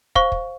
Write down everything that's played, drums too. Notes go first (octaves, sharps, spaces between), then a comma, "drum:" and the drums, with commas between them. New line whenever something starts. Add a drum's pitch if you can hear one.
C5 F5 C#6, drum: kick
drum: kick